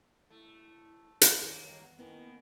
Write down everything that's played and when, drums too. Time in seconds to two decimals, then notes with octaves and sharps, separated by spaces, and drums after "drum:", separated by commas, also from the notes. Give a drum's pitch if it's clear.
0.30 A3 E4
1.21 E4, drum: hi-hat
1.37 D#2 A#3 C#4
1.65 D#3 G3 C#5
1.81 E2 B3 F#5 A#5
1.99 D#2 D#3 A#3 B3 C#4 E4